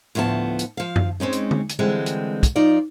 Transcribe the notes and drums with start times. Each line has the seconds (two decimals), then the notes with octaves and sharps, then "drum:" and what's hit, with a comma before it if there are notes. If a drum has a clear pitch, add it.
0.15 D2 A2 F3 B3 A5
0.59 drum: hi-hat
0.77 F3 F5
0.96 drum: tom F#2
1.20 G#3 C4 C#4 D#4
1.33 drum: hi-hat
1.51 drum: tom
1.69 drum: hi-hat
1.79 D3 E3 G3 G#3 C4
2.06 drum: hi-hat
2.43 drum: kick, hi-hat
2.56 F3 D#4 F4 D5